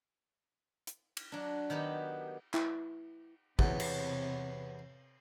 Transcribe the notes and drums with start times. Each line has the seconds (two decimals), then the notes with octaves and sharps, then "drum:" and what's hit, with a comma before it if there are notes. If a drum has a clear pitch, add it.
0.87 drum: hi-hat
1.17 drum: cymbal
1.32 F#3 D4
1.70 D#3 F#3 B3 G4
2.54 E4, drum: clap
3.59 E2 C3 B3 C#5, drum: kick
3.80 drum: cymbal